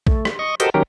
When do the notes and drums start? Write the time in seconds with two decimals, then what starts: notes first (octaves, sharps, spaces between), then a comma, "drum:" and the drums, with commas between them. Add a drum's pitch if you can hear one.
0.07 A3, drum: kick A#1
0.25 drum: rim click
0.39 D#5 C#6
0.60 F#4 G4 A4 A#4 C5 D#5, drum: hi-hat
0.74 D#3 F#3 C#4 G4 A#4